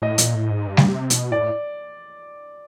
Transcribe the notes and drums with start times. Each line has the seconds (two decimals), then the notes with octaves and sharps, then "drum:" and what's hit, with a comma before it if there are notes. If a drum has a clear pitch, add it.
0.02 A2 D#5
0.18 A#2, drum: hi-hat
0.35 A2
0.51 G#2
0.67 G2
0.77 drum: snare G3
0.88 C3
1.10 B2, drum: hi-hat
1.31 A2 D5